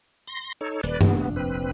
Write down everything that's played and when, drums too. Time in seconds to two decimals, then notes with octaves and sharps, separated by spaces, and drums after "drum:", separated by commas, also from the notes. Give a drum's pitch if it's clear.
0.28 C6 A#6
0.61 D#4 A4 C#5
0.83 D#1 B4 D5
1.01 F1 A#1 B3 D4, drum: tom G2
1.36 C4 B4